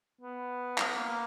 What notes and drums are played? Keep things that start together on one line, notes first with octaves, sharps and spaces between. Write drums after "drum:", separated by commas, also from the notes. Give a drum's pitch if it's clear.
B3
drum: clap
A#3